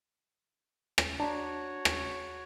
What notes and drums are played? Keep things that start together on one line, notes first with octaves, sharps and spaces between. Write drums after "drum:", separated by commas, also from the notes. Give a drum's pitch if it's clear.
drum: rim click
D4 F#4 C#5 A5 A#5
drum: rim click